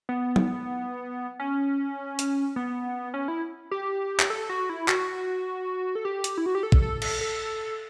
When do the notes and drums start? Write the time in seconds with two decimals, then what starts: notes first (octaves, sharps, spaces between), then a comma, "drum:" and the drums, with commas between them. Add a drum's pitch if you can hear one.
0.09 B3
0.36 drum: tom F#3
1.40 C#4
2.19 drum: hi-hat
2.56 B3
3.14 C#4
3.28 E4
3.71 G4
4.20 drum: clap
4.30 A4
4.49 F#4
4.69 E4
4.88 F#4, drum: clap
5.95 A4
6.05 G4
6.24 drum: hi-hat
6.38 E4
6.46 F#4
6.55 G4
6.63 A4
6.72 drum: kick
6.82 A4
7.02 A4, drum: cymbal
7.21 A4